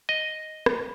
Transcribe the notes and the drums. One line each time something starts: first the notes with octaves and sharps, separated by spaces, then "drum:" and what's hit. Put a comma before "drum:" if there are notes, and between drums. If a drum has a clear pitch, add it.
D#5
drum: rim click